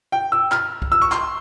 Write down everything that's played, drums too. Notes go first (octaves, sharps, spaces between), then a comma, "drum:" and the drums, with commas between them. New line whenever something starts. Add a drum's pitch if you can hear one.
G5
E6
F6, drum: clap
drum: kick C2
E6
C#6
C6, drum: clap